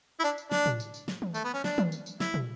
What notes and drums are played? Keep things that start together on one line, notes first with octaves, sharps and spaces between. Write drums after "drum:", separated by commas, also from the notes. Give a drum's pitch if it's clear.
E4
D4, drum: tambourine
drum: tambourine
D4, drum: snare
drum: tom A2
drum: tambourine
drum: tambourine
drum: snare
drum: tom
A3, drum: tambourine
B3
C#4
D4, drum: snare
drum: tom
drum: tambourine
drum: tambourine
E4, drum: snare
drum: tom